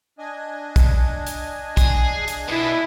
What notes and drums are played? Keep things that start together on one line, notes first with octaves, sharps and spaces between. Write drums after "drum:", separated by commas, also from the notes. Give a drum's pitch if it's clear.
D4 D#5 G#5
drum: kick, hi-hat
drum: hi-hat
G#4, drum: kick, hi-hat
drum: hi-hat
B2 B3 E4